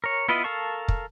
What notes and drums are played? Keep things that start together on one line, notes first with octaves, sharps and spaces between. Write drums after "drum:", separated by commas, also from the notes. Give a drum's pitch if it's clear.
A#4 C#5
B3 E4 F4 B4 D#5
A4 A#4 F5 A5 C#6
drum: kick